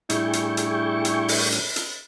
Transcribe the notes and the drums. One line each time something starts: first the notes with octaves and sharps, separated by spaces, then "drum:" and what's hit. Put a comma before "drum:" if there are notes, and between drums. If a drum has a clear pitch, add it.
A2 G3 D4 E4 G#4 G5 C#6, drum: hi-hat
drum: hi-hat
drum: hi-hat
drum: hi-hat
drum: open hi-hat
drum: hi-hat
drum: hi-hat